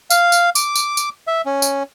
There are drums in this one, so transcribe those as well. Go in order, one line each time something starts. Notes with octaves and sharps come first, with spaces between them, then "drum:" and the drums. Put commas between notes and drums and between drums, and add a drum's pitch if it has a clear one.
F5, drum: tambourine
drum: tambourine
D6, drum: tambourine
drum: tambourine
drum: tambourine
E5
C#4
drum: tambourine